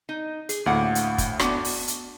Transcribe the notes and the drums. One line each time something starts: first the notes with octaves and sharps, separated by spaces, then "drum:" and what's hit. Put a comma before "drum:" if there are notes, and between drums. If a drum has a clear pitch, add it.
D#4
G#4, drum: hi-hat
D2 A2 A#3 F#5
drum: hi-hat
drum: kick, hi-hat
B3 D4 F#4, drum: rim click
drum: open hi-hat
drum: hi-hat